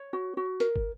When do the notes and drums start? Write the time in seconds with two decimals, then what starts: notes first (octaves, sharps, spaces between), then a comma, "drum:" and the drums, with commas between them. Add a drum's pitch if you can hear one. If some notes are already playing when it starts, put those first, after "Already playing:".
Already playing: C#5
0.13 F#4
0.37 F#4
0.60 A#4, drum: hi-hat
0.76 drum: kick